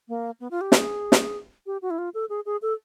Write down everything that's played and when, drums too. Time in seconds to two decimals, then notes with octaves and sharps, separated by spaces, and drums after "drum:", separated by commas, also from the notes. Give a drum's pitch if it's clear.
0.09 A#3
0.40 B3
0.51 F4
0.61 G4
0.72 G#4, drum: snare
1.12 drum: snare
1.66 G4
1.82 F#4
1.91 E4
1.98 F4
2.14 A4
2.29 G#4
2.46 G#4
2.62 A4